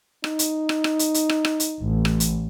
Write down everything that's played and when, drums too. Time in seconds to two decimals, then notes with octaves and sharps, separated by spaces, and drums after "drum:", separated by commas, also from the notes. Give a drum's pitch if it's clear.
0.24 D#4, drum: rim click
0.39 drum: hi-hat
0.69 drum: rim click
0.84 drum: rim click
0.99 drum: hi-hat
1.14 drum: hi-hat
1.29 drum: rim click
1.45 drum: rim click
1.60 drum: hi-hat
1.81 A1
2.05 drum: rim click
2.20 drum: hi-hat